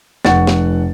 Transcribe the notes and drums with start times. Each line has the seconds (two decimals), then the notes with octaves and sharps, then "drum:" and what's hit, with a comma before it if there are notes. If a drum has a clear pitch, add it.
0.25 F1 F#5 C#6 A6, drum: snare
0.47 drum: snare